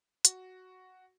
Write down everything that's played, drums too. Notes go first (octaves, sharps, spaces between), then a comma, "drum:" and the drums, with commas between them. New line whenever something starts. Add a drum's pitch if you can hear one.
F#4, drum: hi-hat